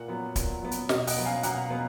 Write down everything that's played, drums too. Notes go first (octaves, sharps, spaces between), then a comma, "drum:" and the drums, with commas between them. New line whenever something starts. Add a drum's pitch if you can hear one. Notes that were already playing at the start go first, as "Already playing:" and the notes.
Already playing: A#2 F#5
F#3 B3
A#2, drum: kick, hi-hat
F#3 B3
drum: hi-hat
B2 D#5, drum: snare
D#5 F#5, drum: open hi-hat
F#3 B3
F5 G#5
B2 F#5 A#5, drum: hi-hat
F#3 B3